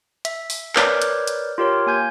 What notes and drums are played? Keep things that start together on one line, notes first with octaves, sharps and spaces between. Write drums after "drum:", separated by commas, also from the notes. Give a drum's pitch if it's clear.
E5, drum: hi-hat
drum: open hi-hat
A#4 B4 C#5 D5 D6 G6, drum: clap
drum: hi-hat
drum: hi-hat
F4 G4 A#4 C#5
A#3 G#5 G6 G#6